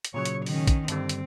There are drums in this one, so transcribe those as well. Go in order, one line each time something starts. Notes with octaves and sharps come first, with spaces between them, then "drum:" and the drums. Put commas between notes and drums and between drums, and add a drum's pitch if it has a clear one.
drum: hi-hat
A#2 C#3 F#3 C#5
drum: hi-hat
D#3 C#4, drum: open hi-hat
drum: kick A#1, hi-hat
G2 D3 G3 C4, drum: hi-hat
drum: hi-hat